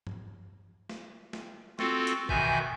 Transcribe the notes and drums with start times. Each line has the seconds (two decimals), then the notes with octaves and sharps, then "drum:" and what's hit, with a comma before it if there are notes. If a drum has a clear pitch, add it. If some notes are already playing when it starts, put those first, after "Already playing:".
0.07 drum: tom G2
0.89 drum: snare
1.33 drum: snare
1.79 C4 F4 F#4 A4, drum: snare
2.07 drum: hi-hat
2.29 B2 D#3 E3 E5 G#5 G6, drum: kick